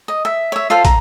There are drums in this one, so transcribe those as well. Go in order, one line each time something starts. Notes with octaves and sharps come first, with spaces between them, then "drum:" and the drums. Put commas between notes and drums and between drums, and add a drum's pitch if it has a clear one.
D#5
E5
C#5 E5
F4 A4 C5 F5
A#5, drum: kick, hi-hat